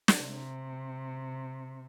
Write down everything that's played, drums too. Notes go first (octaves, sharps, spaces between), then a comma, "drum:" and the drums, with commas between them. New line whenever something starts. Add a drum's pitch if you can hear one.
drum: snare
C3